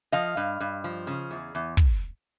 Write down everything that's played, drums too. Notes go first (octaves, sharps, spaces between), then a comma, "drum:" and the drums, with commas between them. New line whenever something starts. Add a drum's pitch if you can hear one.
F3 D#5 F5
G2
G2
F3
C#3
E2
E2
drum: kick